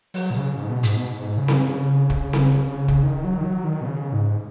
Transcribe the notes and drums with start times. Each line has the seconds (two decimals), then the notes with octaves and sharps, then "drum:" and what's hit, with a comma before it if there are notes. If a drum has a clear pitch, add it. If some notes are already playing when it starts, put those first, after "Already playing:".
0.14 F#3, drum: open hi-hat
0.30 B2
0.35 C#3
0.56 G#2
0.69 B2
0.83 G#2, drum: hi-hat
0.96 B2
1.10 G#2
1.38 C#3
1.48 drum: snare C4
2.10 drum: kick
2.33 drum: snare C4
2.88 drum: kick
3.03 D#3
3.24 F#3
3.37 D#3
3.44 F#3
3.64 D#3
3.81 B2
3.85 C#3
4.13 G#2